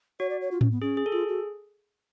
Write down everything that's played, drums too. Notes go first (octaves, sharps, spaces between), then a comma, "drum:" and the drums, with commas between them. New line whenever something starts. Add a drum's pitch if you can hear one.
F#4 C#5
D5
C#5
F4
C#4, drum: tom A2
B3
C#4 G#4
G#4
A4
F4 G#4
F#4